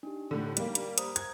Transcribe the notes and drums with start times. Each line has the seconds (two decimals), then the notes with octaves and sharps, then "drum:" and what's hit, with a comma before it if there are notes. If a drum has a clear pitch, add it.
0.03 D4 D#4 G4
0.31 A2 D3
0.57 G3 A#3, drum: hi-hat
0.75 drum: hi-hat
0.98 C5 A#5 D#6, drum: hi-hat
1.16 G#6, drum: hi-hat